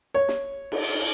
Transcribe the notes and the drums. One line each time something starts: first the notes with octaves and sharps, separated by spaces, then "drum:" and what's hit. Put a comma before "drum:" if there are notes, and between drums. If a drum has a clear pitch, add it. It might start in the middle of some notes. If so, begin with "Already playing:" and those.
C#5
drum: snare
drum: cymbal